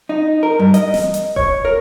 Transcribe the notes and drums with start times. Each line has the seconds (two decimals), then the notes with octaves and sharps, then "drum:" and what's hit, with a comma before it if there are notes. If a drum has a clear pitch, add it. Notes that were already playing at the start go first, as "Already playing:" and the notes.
0.09 D#4
0.43 A#4
0.59 G2
0.74 D#5, drum: hi-hat
0.94 drum: snare
1.14 drum: hi-hat
1.36 C#5, drum: kick D#1
1.65 A#4